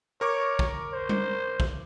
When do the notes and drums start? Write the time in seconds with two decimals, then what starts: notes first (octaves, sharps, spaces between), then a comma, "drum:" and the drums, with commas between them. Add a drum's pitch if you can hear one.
0.21 A#4 C#5 C#6 D6
0.59 drum: kick
0.93 C5
1.09 drum: tom G3
1.60 drum: kick